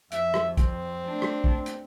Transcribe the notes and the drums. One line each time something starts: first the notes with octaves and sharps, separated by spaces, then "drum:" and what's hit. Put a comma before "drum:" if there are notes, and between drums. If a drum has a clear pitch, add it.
F2 E5, drum: hi-hat
drum: rim click
C4, drum: kick, hi-hat
A3 D4
drum: rim click
drum: kick
drum: hi-hat